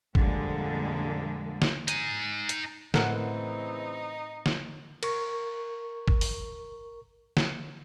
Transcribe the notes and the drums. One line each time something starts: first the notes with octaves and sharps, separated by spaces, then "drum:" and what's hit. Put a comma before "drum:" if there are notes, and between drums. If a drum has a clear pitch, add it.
F2 A#2 D3 G3 G#3 A#3, drum: kick
drum: snare
D#4 G#5, drum: hi-hat
drum: hi-hat
A2 C#3 E3 C4 D#4 A4 A#4 F#5, drum: snare
drum: snare
A#4 C#6, drum: cymbal
drum: kick
drum: open hi-hat
drum: snare